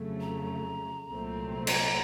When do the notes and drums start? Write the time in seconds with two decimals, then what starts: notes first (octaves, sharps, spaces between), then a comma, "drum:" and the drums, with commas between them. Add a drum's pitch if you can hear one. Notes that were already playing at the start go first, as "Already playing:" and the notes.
Already playing: F2 C#3 F#3 A3
0.21 A#5
1.08 C2 A#2 F#3 A3 C4
1.67 A#5, drum: cymbal